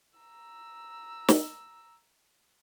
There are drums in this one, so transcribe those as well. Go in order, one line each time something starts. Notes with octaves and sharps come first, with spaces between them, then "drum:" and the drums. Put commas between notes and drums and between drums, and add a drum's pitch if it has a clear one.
A#5 E6
drum: snare